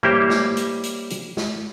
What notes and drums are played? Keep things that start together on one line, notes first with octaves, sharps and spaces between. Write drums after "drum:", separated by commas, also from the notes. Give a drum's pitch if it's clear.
G3 A#3 E4 G4 C5 C#5, drum: tom A2
drum: snare
drum: hi-hat
drum: hi-hat
drum: hi-hat
drum: snare